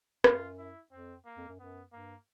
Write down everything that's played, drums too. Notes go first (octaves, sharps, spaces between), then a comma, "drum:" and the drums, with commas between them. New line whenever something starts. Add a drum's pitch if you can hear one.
F#2 F4, drum: rim click
E4
F2 C4
A#3
F2
F#2
F#2 B3
G2 A#3